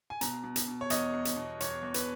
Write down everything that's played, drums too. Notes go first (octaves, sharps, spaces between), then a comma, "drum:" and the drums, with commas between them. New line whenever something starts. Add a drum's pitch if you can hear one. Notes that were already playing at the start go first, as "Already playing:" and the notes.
G#5
B2 A#5, drum: hi-hat
B2
drum: hi-hat
B2
C#5
E2 D#5, drum: hi-hat
E2
drum: hi-hat
B2
E2 C#5, drum: hi-hat
E2
B4, drum: hi-hat